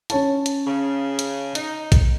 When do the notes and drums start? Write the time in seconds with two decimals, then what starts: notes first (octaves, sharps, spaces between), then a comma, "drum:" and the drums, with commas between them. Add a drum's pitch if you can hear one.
0.10 C#4 C#5 A5, drum: hi-hat
0.46 drum: hi-hat
0.67 C#3
1.19 drum: hi-hat
1.55 D#4, drum: hi-hat
1.92 drum: kick A#1, hi-hat